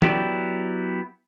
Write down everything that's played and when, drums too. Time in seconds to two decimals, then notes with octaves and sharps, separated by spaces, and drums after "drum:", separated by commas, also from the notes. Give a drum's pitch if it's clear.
0.02 F#3 B3 E4 G4 D5, drum: tom